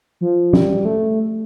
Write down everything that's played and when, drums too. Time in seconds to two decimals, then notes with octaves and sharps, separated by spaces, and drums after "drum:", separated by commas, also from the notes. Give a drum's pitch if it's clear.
0.21 F3
0.53 G3, drum: tom
0.85 A3